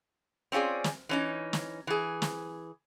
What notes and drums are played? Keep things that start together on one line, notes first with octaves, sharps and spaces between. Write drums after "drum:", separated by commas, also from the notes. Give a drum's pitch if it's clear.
C4 C#4 F4 G#4 D5
drum: snare
E3 C#4 D#4
drum: snare
E3 G#4
drum: snare